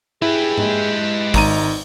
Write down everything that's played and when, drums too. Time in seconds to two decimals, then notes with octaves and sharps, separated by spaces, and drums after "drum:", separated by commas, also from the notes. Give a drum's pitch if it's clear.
0.22 E4 G4 G#4 B4
0.58 G#3, drum: tom
1.34 G#1 D#4 A#5 D#7, drum: kick, open hi-hat